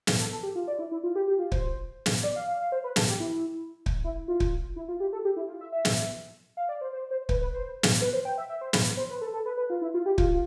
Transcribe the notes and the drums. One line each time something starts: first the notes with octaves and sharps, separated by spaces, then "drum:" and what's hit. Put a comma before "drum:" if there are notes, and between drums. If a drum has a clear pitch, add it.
drum: snare
A4
A4
G4
F4
D5
E4
E4
F4
G4
G4
F4
C5, drum: kick
drum: snare
D5
F5
F5
F5
C5
B4
A4, drum: snare
G4
E4
drum: kick
E4
F4
drum: kick
E4
F4
G4
A4
G4
E4
F4
E5
E5
drum: snare
F5
D5
C5
C5
C5
B4, drum: kick
B4
C5
drum: snare
B4
C5
G5
E5
E5
C5
B4, drum: snare
C5
B4
A4
A4
B4
B4
F4
E4
F4
G4
F4, drum: kick